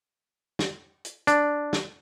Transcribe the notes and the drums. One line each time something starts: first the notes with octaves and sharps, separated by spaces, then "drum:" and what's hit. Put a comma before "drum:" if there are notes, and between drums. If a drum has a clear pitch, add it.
drum: snare
drum: hi-hat
D4, drum: hi-hat
drum: snare